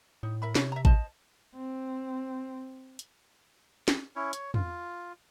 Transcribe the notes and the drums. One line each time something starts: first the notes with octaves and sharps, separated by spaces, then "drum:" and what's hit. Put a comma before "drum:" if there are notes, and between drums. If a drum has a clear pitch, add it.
A2 D#4
A#4 E5 B5
C3 E4 C#5, drum: snare
E5 A#5
C5 D#5 A5, drum: kick A1
C4
drum: hi-hat
drum: snare
C#4 E4 C#5
C#5, drum: hi-hat
F4, drum: tom